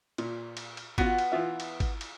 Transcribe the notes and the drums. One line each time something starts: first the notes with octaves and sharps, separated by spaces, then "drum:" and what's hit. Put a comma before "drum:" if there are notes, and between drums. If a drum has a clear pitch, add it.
A#2, drum: cymbal
drum: cymbal
drum: cymbal
B3 F4 F#4, drum: kick G#1, cymbal
drum: cymbal
E3 F4 E5
drum: cymbal
drum: kick G#1, cymbal
drum: cymbal